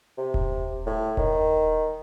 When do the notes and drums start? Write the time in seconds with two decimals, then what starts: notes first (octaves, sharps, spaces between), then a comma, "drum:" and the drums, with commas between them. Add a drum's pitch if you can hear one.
0.18 C3
0.34 drum: kick D#1
0.86 A2
1.17 D#3, drum: kick D#1